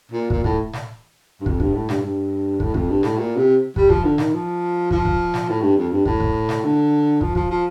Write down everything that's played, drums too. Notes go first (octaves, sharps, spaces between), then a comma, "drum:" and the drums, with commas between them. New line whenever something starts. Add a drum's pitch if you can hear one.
A#2
A#2, drum: kick
A2, drum: kick
drum: snare
G2
F2, drum: kick
G2, drum: kick
A2
G2, drum: snare
G2
A2, drum: kick
F2, drum: kick
G2
A2, drum: snare
A#2
C3
G3, drum: kick
F3, drum: kick
D3
D#3, drum: snare
F3
F3, drum: kick
drum: kick
drum: snare
A2
G2
F2
G2
A2, drum: kick
drum: kick
drum: snare
D3
F3, drum: kick
F3, drum: kick
F3